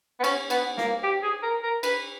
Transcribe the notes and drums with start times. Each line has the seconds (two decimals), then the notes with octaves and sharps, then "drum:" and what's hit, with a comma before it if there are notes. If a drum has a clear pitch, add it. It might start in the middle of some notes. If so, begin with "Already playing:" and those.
0.20 B3
0.24 C#4, drum: cymbal
0.50 B3, drum: cymbal
0.78 A#3, drum: snare
1.03 G4
1.23 G#4
1.43 A#4
1.63 A#4
1.83 B4, drum: cymbal